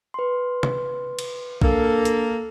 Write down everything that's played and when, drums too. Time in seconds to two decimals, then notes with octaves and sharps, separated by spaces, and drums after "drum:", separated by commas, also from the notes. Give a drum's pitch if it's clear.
0.14 B4 C6
0.63 drum: tom
1.19 drum: cymbal
1.62 A#3 D4 A4, drum: kick A#1
2.05 drum: hi-hat